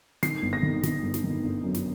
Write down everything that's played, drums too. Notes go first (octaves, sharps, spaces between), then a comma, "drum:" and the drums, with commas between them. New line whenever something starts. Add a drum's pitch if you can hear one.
D#3 C7, drum: snare
G1
A#6
D#3
D#3, drum: snare
G1
drum: snare
D#3
G1
F#2
drum: snare